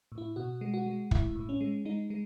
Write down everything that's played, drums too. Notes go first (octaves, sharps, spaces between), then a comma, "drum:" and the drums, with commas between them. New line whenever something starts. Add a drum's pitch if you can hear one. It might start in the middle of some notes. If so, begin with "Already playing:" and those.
A2
E4
B2 F#4
G#3
F#4
G#3
A2 E4, drum: kick
A2
C#4
G#3
G#3 D#4
G#3